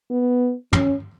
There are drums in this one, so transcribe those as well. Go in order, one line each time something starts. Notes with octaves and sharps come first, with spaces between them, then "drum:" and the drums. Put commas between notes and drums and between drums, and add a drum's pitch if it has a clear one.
B3
C#4, drum: tom